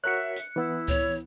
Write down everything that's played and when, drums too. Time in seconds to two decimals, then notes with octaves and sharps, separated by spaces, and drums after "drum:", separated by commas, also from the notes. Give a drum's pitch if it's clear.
0.04 F#4 A#4 C#5 E5 F#6 C#7
0.36 drum: hi-hat
0.56 E3 B3 E4
0.88 C#5, drum: kick C#2